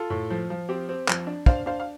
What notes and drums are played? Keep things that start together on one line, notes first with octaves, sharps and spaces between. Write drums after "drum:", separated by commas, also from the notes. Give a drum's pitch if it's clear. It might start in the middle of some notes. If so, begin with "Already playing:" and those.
Already playing: F4 A4
A2
F3
F3
C4 G4
C4
F3, drum: clap
D4
D4 C5 F5, drum: kick
D4 C5 F5
F5